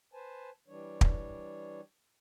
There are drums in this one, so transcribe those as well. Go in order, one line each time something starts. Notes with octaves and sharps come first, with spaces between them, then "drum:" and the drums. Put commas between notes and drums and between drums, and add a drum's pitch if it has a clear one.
B4 C5 G#5 A5
E3 G3 D4 C#5
drum: kick